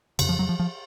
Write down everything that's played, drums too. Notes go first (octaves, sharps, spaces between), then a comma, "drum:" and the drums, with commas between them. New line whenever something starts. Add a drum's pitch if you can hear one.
F2 C#3, drum: cymbal
F3
F#3
F3
F3